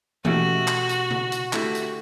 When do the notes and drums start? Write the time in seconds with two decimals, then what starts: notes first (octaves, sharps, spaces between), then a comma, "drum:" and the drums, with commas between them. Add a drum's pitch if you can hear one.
0.25 B2 A3 C#4 E4 F#4 G4, drum: tom E3
0.68 drum: clap
0.89 drum: hi-hat
1.11 drum: tom
1.32 drum: hi-hat
1.53 D3 A3 E4 F#4 G4, drum: clap
1.75 drum: hi-hat